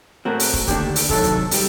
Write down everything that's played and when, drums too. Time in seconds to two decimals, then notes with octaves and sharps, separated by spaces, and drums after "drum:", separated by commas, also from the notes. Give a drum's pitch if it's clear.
0.25 A2 A3 C4 F#4 A#4
0.40 drum: open hi-hat
0.54 drum: kick
0.67 D#2 D3 A3 D4 G4, drum: kick, hi-hat
0.96 drum: open hi-hat
1.09 C3 D#3 F#3 A4, drum: kick
1.24 drum: kick, hi-hat
1.51 C3 G3, drum: open hi-hat